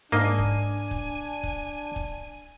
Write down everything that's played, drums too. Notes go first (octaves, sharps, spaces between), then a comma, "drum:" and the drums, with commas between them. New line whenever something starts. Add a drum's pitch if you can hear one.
G#2 A#3 D4 D#5 G#5
drum: kick
drum: kick
drum: kick
drum: kick